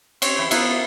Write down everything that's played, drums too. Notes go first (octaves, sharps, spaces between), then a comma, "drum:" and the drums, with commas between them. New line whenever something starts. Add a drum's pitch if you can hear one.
C4 C#5, drum: cymbal
E3 G4
B3 E4 F4 A#4, drum: cymbal